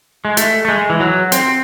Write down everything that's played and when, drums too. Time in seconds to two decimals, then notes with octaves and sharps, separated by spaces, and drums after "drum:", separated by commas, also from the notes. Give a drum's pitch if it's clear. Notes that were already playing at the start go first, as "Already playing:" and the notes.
0.25 G#3
0.37 A3, drum: hi-hat
0.65 A3
0.68 G#3
0.90 E3
1.00 F#3
1.32 C4, drum: hi-hat